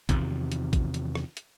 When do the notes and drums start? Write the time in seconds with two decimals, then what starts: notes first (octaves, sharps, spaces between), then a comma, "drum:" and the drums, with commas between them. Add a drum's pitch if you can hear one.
0.09 E2 C3 D#3 F3, drum: kick, hi-hat
0.52 drum: hi-hat
0.73 drum: kick, hi-hat
0.94 drum: hi-hat
1.15 drum: rim click
1.37 drum: hi-hat